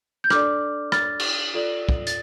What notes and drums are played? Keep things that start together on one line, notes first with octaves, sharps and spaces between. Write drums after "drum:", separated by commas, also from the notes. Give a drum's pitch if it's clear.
G6
D4 A4 D5 D6 F6, drum: rim click
F6 A6, drum: rim click
drum: cymbal
F4 A4 D5
drum: kick
A6, drum: hi-hat